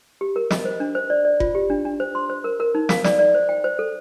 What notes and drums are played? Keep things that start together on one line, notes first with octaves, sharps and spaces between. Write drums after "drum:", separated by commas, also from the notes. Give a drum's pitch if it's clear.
G4
A#4
D#5, drum: snare
C5
D4
C5
D5
D5
F4, drum: kick F#1
G4
D4
D4
C5
C6
C5
A#4
A#4
D#4
F5, drum: snare
D5, drum: snare
D5
C5
G5
C5
A4